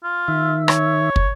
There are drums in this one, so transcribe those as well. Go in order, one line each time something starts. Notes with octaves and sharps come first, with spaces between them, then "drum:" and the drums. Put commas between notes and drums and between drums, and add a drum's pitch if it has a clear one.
F4
D#3 E5
C#5, drum: rim click
drum: kick